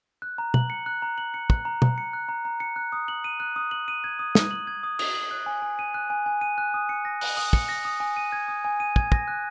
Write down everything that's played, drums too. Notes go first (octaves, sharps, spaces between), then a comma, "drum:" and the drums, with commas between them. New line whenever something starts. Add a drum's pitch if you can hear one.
F#6
A#5
F#7, drum: tom
C#7
F#6
A#5
F#7
C#7
F#6, drum: kick
A#5
A#5, drum: tom
C#7
F#6
A#5
A#5
C#7
F#6
D#6
F#7
D#7
F#6
D#6
F#7
D#7
G#6
D#6
D#6, drum: snare
F#7
G#6
D#6
D#6, drum: cymbal
F#7
F#6
G#5
G#5
D#7
F#6
G#5
G#5
D#7
F#6
D#6
C#7
A#6
F#6, drum: open hi-hat
D#6
C#7, drum: kick
A#6
D#6
G#5
D#7
G#6
D#6
G#5
D#7
G#6, drum: kick
A#6, drum: kick
F#6